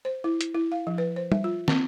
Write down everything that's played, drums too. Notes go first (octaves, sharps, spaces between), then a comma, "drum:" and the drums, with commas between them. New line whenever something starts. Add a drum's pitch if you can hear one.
C5
E4
drum: hi-hat
E4
F5
F3
B4
C5
E5, drum: tom G3
F4
C4, drum: snare